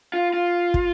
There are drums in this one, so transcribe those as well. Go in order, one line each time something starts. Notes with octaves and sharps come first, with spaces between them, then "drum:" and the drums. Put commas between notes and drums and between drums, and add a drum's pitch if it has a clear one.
F4
F4
drum: kick